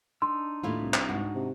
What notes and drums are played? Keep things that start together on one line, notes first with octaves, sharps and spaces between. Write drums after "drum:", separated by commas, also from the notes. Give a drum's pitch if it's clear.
D4 D#4 C6 E6
D#2 A2 E4 F4
C2
drum: clap
G#2 F#4
C3